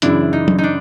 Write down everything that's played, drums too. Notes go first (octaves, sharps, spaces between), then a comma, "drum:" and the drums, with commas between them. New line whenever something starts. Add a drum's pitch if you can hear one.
F#2 C#3 E3 D4 E4, drum: hi-hat
D#4
drum: tom
D#4
D4